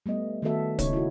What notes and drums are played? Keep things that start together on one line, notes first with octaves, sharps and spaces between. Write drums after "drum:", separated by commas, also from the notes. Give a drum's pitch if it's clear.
G3 A3 B3 D#5
D#3 A3 B3 F#4 A4 E5
C#3 A#3 D#4 A4 C#5, drum: kick, hi-hat
E4 F#4